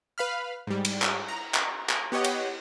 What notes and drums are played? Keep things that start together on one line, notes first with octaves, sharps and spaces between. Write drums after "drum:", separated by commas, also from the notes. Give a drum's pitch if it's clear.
B4 F5 B5 F6
G#2 G3
drum: cymbal
drum: clap
A#5
drum: clap
drum: clap
B3 G4 C#5 D#5 F#5
drum: cymbal